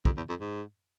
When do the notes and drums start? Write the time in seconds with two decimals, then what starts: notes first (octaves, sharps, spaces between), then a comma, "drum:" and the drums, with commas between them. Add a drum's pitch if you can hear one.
0.05 F2, drum: kick
0.17 E2
0.29 F2
0.41 G#2